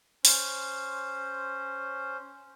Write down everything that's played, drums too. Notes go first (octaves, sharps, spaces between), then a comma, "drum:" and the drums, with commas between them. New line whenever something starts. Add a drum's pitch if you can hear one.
C#4 C5, drum: open hi-hat